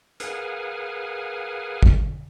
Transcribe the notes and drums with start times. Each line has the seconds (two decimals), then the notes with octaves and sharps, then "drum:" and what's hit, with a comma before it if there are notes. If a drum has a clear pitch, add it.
0.20 G#4 A#4 B4 F5 F#5 G#5, drum: hi-hat
1.83 drum: kick